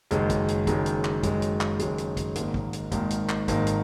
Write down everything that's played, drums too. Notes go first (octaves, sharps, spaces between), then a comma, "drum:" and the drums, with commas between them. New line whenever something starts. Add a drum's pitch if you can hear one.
F#1 F#2 D#3 G#3, drum: hi-hat
drum: kick, hi-hat
drum: hi-hat
F#1 F#2 D#3 G#3, drum: kick, hi-hat
drum: hi-hat
drum: clap
F#1 F#2 D#3 G#3, drum: kick, hi-hat
drum: hi-hat
drum: clap
F#1 F#2 D#3 G#3, drum: hi-hat
drum: hi-hat
drum: kick, hi-hat
G#1 G#2 D#3 A#3, drum: hi-hat
drum: kick
drum: hi-hat
G#1 G#2 D#3 A#3, drum: kick, hi-hat
drum: hi-hat
drum: clap
G#1 G#2 D#3 A#3, drum: kick, hi-hat
drum: hi-hat